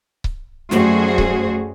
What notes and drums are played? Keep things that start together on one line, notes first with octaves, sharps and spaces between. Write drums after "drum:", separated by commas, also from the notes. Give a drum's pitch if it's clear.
drum: kick C#1
F#2 G3 A3 F#4 G#4 C5, drum: snare
drum: kick C#1